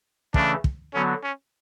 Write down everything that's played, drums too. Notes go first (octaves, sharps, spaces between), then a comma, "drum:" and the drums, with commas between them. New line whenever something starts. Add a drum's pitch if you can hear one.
C#3 E3 A3 C#4 D4, drum: kick
drum: kick
D3 F#3 B3 C#4 F#4
C#4